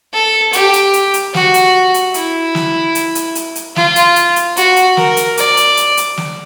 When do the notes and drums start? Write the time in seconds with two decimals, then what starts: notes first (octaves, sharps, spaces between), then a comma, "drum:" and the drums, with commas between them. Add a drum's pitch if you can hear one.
0.13 A4
0.53 G4, drum: hi-hat
0.73 drum: hi-hat
0.93 drum: hi-hat
1.14 drum: hi-hat
1.34 F#4, drum: snare
1.54 drum: hi-hat
1.94 drum: hi-hat
2.14 E4, drum: hi-hat
2.55 drum: snare
2.95 drum: hi-hat
3.15 drum: hi-hat
3.35 drum: hi-hat
3.55 drum: hi-hat
3.76 F4, drum: snare
3.96 drum: hi-hat
4.16 drum: hi-hat
4.36 drum: hi-hat
4.57 F#4, drum: hi-hat
4.76 drum: hi-hat
4.97 A#4, drum: snare
5.17 drum: hi-hat
5.37 D5, drum: hi-hat
5.57 drum: hi-hat
5.77 drum: hi-hat
5.97 drum: hi-hat
6.17 drum: snare